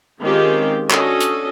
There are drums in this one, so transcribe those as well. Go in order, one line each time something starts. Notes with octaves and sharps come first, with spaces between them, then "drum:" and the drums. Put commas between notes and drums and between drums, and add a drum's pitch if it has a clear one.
D#3 G#3 C4 C#4 F4 G4
C#4 D4 F#4 A4 D#5, drum: clap
drum: hi-hat